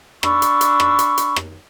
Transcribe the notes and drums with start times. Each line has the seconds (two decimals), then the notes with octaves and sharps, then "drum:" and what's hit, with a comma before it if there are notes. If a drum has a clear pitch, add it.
0.23 D4 B5 C#6 E6, drum: rim click
0.42 drum: hi-hat
0.61 drum: hi-hat
0.80 drum: rim click
0.99 drum: hi-hat
1.18 drum: hi-hat
1.36 drum: rim click